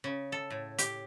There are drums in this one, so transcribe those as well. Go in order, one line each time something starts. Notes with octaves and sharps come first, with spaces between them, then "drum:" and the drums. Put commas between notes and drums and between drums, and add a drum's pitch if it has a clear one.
C#3
A4
A2
G4, drum: hi-hat